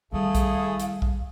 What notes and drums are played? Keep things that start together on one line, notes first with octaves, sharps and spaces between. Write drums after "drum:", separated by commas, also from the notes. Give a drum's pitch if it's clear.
D#3 G3 A3 E4 G#4 F5
drum: kick A#1, hi-hat
drum: hi-hat
drum: kick A#1